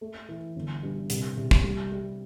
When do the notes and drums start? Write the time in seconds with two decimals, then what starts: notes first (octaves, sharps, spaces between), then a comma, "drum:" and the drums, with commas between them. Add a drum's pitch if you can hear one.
0.01 A3
0.29 E3
0.56 G1
0.83 G2
1.10 C2, drum: hi-hat
1.37 C2
1.51 drum: kick
1.64 G3
1.92 G3